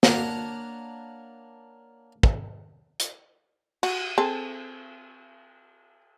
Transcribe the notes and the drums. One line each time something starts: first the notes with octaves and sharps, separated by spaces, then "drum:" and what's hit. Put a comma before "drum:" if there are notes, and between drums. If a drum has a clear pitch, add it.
A#3 D4 A#4 C#5 F#5, drum: snare
drum: kick
drum: hi-hat
F#4, drum: cymbal
C4 G#4 A4